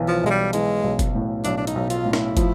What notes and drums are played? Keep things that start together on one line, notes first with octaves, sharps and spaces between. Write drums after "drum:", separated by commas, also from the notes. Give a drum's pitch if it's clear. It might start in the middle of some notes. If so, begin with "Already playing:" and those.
Already playing: B1 E3
F3
B1 G#3
G3
E3 G#3, drum: hi-hat
B1
drum: kick, hi-hat
A2
B1 D4, drum: hi-hat
D4
D#4, drum: hi-hat
B1
F4, drum: hi-hat
A2
E4, drum: snare
F3, drum: kick, hi-hat